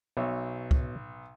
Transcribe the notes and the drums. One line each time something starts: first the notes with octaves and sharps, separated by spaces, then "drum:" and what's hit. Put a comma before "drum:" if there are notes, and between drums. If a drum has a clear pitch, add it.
B1 B2 C#5 E5
drum: kick